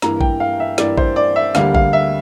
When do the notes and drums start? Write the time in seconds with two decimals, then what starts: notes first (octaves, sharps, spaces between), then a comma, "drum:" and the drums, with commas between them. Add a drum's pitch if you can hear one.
0.02 G2 E3 A#3 E4 A#5, drum: snare
0.21 G5, drum: kick A1
0.40 F5
0.60 E5
0.78 G2 E3 A#3 E4 D5, drum: snare
0.98 C5, drum: kick A1
1.16 D5
1.36 E5
1.55 D2 D3 G3 A#3 F5, drum: snare
1.75 F5, drum: kick A1
1.93 E5